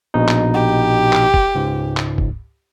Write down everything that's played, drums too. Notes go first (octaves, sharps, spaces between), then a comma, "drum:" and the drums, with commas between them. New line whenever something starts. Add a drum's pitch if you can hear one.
A#1 B2 D#4
drum: clap
G4
drum: clap
drum: kick
C#2 G#2
drum: clap
drum: kick